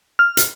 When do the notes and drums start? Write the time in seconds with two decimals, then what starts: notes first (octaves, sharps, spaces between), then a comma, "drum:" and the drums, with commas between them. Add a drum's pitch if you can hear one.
0.19 F6
0.37 drum: hi-hat